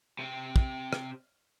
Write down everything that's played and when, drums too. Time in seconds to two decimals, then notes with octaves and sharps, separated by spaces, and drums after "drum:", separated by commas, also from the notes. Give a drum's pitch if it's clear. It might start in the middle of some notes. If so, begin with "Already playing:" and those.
0.19 C3 C4
0.56 drum: kick
0.93 drum: rim click